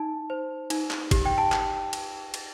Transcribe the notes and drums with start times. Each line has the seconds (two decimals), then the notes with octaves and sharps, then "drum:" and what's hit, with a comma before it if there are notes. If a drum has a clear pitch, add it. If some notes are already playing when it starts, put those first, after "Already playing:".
Already playing: D#4 A5
0.30 C5
0.70 D#4, drum: cymbal
0.91 drum: clap
1.11 G4, drum: kick, cymbal
1.26 G5
1.38 A5
1.52 drum: clap
1.93 drum: cymbal
2.34 drum: cymbal